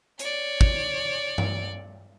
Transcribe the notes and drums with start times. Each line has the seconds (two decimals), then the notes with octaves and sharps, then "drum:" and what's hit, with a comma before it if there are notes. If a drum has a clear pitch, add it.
0.19 C#5 D5, drum: hi-hat
0.61 drum: kick
1.38 drum: tom G2